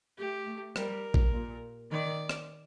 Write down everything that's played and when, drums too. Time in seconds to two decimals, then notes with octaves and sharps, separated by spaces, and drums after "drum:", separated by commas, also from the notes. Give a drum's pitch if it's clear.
0.18 A3 G4
0.47 A3
0.76 G3 A#4, drum: rim click
1.14 drum: kick A#1
1.33 A#2
1.91 D#3 D5
2.29 drum: rim click